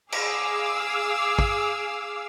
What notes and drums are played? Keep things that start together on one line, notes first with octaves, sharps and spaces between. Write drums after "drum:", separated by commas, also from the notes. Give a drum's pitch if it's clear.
G#4 F5 D6 E6, drum: cymbal
drum: kick